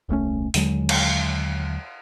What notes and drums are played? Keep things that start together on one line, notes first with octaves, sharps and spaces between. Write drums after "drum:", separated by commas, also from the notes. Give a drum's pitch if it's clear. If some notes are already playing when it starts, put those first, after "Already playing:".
D#1 C2 A3 C#4
D#2 D3 F#3 G#3, drum: open hi-hat
drum: cymbal